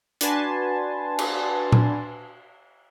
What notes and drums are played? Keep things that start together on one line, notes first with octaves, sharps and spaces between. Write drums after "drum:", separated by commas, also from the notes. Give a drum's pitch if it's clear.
D4 F#4 B4 G#5 A5 C6, drum: hi-hat
drum: cymbal
drum: tom A#2